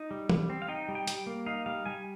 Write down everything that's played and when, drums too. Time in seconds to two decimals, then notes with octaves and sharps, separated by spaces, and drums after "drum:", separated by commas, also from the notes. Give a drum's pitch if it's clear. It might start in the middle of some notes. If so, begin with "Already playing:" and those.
Already playing: D#4
0.11 G3
0.29 G3, drum: tom E3
0.50 C4
0.62 F5
0.68 D#4 G5
0.88 G3
0.95 G5
1.07 G3, drum: hi-hat
1.27 A#3
1.46 D#4 F5
1.66 G3 F5
1.86 G3 G#5